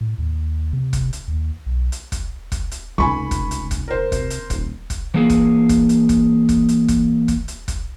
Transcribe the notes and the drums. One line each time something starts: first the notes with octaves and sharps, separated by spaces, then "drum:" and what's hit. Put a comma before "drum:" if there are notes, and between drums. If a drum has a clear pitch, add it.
A2
D#2
C3
drum: kick, hi-hat
drum: hi-hat
D#2
B1
drum: hi-hat
drum: kick, hi-hat
drum: kick, hi-hat
drum: hi-hat
F1 C#2 G#5 B5 C#6
drum: kick, hi-hat
drum: hi-hat
drum: kick, hi-hat
A#4 C5
C3, drum: kick, hi-hat
drum: hi-hat
D#1, drum: kick, hi-hat
drum: kick, hi-hat
E3 A#3 G#4
drum: kick, hi-hat
drum: kick, hi-hat
drum: hi-hat
drum: kick, hi-hat
drum: kick, hi-hat
drum: hi-hat
drum: kick, hi-hat
drum: kick, hi-hat
drum: hi-hat
drum: kick, hi-hat